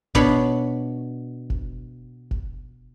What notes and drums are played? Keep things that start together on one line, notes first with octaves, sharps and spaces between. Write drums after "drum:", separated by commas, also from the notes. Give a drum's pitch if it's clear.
B2 D4 C#5 B5, drum: kick F1
drum: kick F1
drum: kick F1